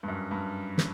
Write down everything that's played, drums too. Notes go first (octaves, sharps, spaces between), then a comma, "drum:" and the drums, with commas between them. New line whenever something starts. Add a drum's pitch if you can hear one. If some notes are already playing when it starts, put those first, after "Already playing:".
G2
F#2
G2
drum: snare